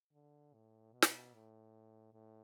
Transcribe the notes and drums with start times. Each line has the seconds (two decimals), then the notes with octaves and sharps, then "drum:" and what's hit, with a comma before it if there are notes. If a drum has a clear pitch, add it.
0.13 D3
0.53 A2
0.92 B2
1.02 drum: snare
1.34 A2
2.13 A2